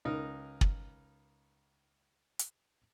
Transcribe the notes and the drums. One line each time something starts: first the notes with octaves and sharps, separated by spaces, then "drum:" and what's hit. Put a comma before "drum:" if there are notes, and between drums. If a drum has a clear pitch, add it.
C#2 D#4 A#4
drum: kick
drum: hi-hat